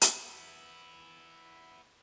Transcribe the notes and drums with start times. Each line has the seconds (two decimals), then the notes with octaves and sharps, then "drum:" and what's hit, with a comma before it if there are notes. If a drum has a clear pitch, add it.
0.01 B3 E4, drum: hi-hat